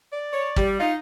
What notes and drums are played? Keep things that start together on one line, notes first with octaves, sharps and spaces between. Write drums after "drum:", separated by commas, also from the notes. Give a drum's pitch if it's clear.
D5
C#5
G3, drum: kick
D#4 F4